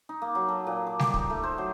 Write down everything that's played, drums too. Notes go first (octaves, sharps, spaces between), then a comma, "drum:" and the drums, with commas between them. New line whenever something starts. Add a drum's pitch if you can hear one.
D#4
A#3
F#3
A4
A#2
D6
G4, drum: snare G3
D#4, drum: kick
A3
C5
F#3